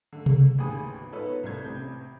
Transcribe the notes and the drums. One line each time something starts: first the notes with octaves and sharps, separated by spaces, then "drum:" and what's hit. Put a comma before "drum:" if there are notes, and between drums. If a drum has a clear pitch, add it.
D3 A3
drum: tom C3
A1 D#2 G#4 D#6
G#2 B2
B3 D#4 F4 A4 B4 C#5
C2 A3 A4 C5 G#6
A1 C3 G6